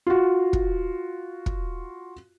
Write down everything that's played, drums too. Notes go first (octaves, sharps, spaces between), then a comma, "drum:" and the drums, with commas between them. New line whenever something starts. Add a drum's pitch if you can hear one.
F4 F#4
drum: kick
drum: kick